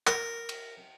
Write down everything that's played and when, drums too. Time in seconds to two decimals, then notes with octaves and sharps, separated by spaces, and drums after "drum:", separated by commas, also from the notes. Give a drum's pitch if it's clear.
0.07 A#4, drum: clap
0.49 drum: cymbal